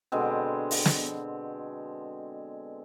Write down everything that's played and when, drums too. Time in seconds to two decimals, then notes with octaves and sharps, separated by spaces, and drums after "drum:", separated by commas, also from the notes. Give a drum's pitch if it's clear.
0.12 B2 D3 G#3 C4
0.71 drum: open hi-hat
0.86 drum: snare